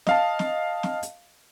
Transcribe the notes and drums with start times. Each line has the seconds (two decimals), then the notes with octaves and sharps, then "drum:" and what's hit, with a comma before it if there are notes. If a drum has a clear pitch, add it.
0.07 D#5 F5 A5, drum: snare
0.39 drum: snare
0.83 drum: snare
1.03 drum: hi-hat